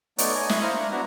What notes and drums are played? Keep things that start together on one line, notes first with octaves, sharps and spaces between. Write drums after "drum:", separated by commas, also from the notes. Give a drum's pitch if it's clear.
A3 B3 D#4 C#5 D5, drum: hi-hat
D#5 G#5
E4 E5 C#6 D#6 F#6, drum: snare
A#3 E4 A#4 C5 A#5 F6
D4 A#5
B3 D4 E4 F#4 A#5